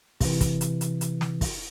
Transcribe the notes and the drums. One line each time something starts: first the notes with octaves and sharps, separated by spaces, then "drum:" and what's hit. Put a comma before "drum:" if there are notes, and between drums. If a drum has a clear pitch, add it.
C3 E3, drum: kick, open hi-hat
drum: kick, hi-hat
drum: hi-hat
drum: hi-hat
drum: hi-hat
drum: snare
drum: kick, open hi-hat